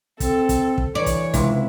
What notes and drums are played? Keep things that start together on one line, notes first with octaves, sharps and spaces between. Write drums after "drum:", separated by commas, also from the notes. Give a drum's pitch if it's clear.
C4 A4, drum: kick, hi-hat
drum: kick, hi-hat
drum: kick
E3 C#5 D5
drum: kick, hi-hat
C#2 C3 E4, drum: kick, hi-hat